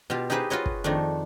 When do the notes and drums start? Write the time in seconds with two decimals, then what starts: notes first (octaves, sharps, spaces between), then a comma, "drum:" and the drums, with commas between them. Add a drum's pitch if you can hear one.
0.10 B2 F4 G4
0.30 D#4 G4 G#4 B4 C5 E5
0.50 F4 F#4 B4 C#5 D#5
0.66 drum: kick
0.84 F2 D#3 A3 D4